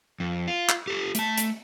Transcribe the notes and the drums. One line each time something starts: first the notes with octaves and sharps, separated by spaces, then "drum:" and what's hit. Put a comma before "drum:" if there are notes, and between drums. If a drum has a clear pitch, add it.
F2
F4
drum: clap
G4 A4
A3 A5, drum: hi-hat
drum: hi-hat